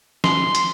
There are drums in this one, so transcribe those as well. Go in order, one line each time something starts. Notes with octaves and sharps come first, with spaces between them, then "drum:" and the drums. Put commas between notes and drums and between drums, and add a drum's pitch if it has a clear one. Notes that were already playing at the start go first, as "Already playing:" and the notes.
C6, drum: snare
drum: hi-hat